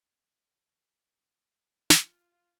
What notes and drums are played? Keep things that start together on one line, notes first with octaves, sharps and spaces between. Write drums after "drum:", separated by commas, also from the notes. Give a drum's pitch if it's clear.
F4, drum: snare